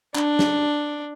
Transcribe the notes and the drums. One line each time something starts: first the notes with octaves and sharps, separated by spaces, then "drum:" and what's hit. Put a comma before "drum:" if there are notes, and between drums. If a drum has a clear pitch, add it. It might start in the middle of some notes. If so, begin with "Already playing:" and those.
D4, drum: clap
drum: snare